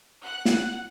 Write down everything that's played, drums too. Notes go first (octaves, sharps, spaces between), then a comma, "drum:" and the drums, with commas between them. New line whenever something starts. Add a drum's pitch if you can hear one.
F#5 F#6
drum: snare